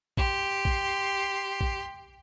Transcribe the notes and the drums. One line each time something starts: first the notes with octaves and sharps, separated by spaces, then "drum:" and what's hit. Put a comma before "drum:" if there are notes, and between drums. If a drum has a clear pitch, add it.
G4 C6, drum: kick
drum: kick
drum: kick